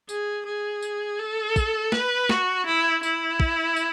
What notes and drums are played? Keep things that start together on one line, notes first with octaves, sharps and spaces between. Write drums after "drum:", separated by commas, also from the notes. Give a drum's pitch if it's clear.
G#4, drum: tambourine
G#4
drum: tambourine
A4
drum: kick, tambourine
B4, drum: snare
F#4, drum: snare
E4
E4, drum: tambourine
drum: kick
drum: tambourine